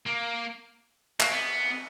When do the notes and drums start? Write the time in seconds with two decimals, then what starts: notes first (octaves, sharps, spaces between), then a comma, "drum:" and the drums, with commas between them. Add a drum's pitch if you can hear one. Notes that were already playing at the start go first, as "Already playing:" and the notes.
0.06 A#3
1.20 A#3, drum: clap
1.31 B3